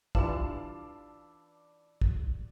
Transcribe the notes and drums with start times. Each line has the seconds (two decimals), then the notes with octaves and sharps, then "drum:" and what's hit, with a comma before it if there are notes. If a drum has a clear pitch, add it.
0.15 E3 D4 F4 G4 D5 F5 A5 E7, drum: kick
2.02 drum: kick